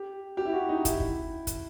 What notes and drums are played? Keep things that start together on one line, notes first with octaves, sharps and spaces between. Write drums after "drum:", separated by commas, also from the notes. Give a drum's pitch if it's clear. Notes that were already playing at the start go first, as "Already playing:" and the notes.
Already playing: G4
G4
E4
F#4
D#4
E4, drum: kick, hi-hat
drum: kick
drum: kick, hi-hat